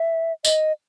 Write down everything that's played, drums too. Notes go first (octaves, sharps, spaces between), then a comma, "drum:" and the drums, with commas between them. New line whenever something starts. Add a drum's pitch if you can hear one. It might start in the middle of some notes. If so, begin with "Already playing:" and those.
Already playing: E5
D#5, drum: tambourine